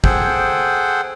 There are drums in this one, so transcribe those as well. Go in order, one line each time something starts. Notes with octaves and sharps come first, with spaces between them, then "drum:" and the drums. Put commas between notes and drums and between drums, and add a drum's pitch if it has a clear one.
G#4 A4 C5 F#5 G5, drum: kick